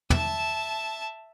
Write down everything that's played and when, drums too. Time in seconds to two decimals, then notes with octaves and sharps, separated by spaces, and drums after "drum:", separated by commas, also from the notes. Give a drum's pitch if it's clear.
0.10 E5 A5, drum: tom